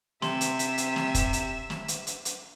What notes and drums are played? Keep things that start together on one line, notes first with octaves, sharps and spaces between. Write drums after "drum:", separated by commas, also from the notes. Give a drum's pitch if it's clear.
C3 E5 C6 E7, drum: snare
drum: hi-hat
drum: hi-hat
drum: hi-hat
drum: snare
drum: kick, hi-hat
drum: hi-hat
drum: snare
drum: hi-hat
drum: hi-hat
drum: hi-hat